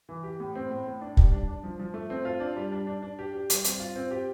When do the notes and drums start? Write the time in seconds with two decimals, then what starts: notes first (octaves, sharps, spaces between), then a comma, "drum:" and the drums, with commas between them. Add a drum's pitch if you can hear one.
0.09 E3
0.23 G4
0.40 A2
0.55 C4
0.71 A2
0.86 A2
1.01 D4
1.17 G3, drum: kick
1.32 D4
1.48 D4
1.64 F3
1.79 F3
1.94 A3
2.10 C4
2.25 F4
2.40 D4
2.56 G3
2.72 D4
2.87 D4
3.02 D4
3.19 G4
3.33 G4
3.50 G3, drum: hi-hat
3.64 C4, drum: hi-hat
3.80 F4
3.96 C4
4.11 G4